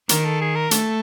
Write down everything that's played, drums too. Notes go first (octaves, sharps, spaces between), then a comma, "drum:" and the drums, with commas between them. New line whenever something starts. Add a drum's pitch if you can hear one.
D#3 A#4, drum: hi-hat
A4
G#4
A#4
A3 A4, drum: hi-hat